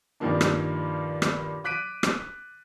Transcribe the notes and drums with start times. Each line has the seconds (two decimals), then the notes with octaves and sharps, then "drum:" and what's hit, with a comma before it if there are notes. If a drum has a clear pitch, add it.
0.20 G2 A#2 D#3 F3 A#3 D4
0.41 drum: rim click
1.22 drum: rim click
1.64 D6 F#6 B6 D7 D#7
2.03 drum: rim click